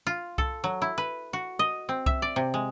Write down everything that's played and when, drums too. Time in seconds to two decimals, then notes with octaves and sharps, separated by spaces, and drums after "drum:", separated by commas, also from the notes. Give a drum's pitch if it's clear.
0.07 F4
0.38 A4, drum: kick C2
0.64 F#3
0.82 E4
0.98 B4
1.33 F#4
1.59 D#5
1.89 C4
2.06 E5, drum: kick C2
2.22 D5
2.36 C3
2.54 G#3